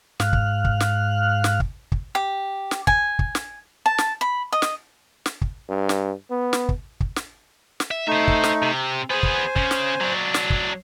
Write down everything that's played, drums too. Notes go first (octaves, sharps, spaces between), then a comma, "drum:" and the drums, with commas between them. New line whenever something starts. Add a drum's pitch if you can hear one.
G#2 F5 F6 F#6, drum: snare
drum: kick
drum: kick
drum: snare
drum: snare
drum: kick
drum: kick
G4
drum: snare
G#5, drum: kick
drum: kick
drum: snare
A5
drum: snare
B5
D#5
drum: snare
drum: snare
drum: kick
G2
drum: snare
B3
drum: snare
drum: kick
drum: kick
drum: snare
drum: snare
E5
A3 D#4 C5 E5
drum: kick
drum: snare
C3
B3 G#4 C5 G#5
drum: kick
C#3, drum: kick
drum: snare
F#3 D4
drum: snare
drum: kick